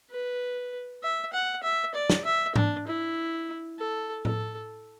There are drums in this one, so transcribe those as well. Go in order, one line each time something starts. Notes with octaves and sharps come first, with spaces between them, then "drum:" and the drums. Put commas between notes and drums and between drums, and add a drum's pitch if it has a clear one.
B4
E5
F#5
E5
D5
drum: snare
E5
D4, drum: tom G#2
E4
A4
A4, drum: tom A2